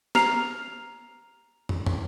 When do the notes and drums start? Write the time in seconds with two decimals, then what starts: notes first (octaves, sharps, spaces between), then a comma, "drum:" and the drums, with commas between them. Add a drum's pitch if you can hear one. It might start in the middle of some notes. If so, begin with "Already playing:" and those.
0.15 A#5 F6 C7 F7, drum: snare
1.69 drum: tom
1.86 drum: tom